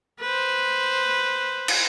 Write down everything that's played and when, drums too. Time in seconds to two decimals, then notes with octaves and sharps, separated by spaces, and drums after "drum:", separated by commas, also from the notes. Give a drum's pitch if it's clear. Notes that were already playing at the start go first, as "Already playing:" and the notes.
0.21 B4 C5
1.68 drum: cymbal